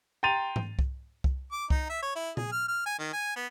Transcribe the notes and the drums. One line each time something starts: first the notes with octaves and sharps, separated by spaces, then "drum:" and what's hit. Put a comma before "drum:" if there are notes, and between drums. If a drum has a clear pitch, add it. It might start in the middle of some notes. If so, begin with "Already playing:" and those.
G5 A#5 C6 A6 D#7 F7
drum: tom G#2
drum: kick C2
drum: kick C2
D6
D#4, drum: kick C2
E5
C#5
E4
G#4, drum: tom A#2
F6
F6
G#5
D#3
G#5
B3